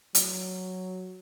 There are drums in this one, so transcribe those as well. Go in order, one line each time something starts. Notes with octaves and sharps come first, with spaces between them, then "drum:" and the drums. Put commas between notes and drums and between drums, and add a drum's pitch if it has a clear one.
F#3, drum: hi-hat